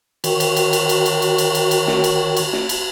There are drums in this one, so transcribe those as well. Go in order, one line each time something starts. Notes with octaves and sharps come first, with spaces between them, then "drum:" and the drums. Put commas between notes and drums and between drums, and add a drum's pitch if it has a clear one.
D#3 F#4 A#4 C#5 G5 C#6, drum: cymbal
drum: cymbal
drum: cymbal
drum: cymbal
drum: cymbal
drum: cymbal
drum: cymbal
drum: cymbal
drum: cymbal
drum: cymbal
drum: snare
drum: cymbal
drum: cymbal
drum: snare
drum: cymbal